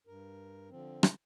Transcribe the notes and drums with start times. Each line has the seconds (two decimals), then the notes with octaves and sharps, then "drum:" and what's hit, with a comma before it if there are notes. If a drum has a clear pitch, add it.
0.07 G2 A#4
0.70 D3 F3 C4
1.03 drum: rim click